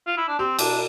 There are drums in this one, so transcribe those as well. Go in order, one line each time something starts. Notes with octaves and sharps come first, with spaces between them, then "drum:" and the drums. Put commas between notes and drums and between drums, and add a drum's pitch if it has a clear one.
F4
E4
D4
C4 G4
B2 D4, drum: cymbal